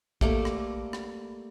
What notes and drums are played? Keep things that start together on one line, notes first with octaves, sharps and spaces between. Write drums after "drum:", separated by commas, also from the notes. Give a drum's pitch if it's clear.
G3 A3 A#3, drum: kick A#1
drum: rim click
drum: rim click